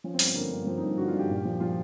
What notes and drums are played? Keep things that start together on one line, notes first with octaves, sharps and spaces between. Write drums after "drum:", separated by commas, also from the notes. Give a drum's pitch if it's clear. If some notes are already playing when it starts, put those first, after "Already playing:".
F3 C#4
C4
G2, drum: open hi-hat
B3
D3 A#3
G2 C4
F3 C4
D#4
G2
D3 F#4
F4
G2 G4
A#2
F3
F3 F4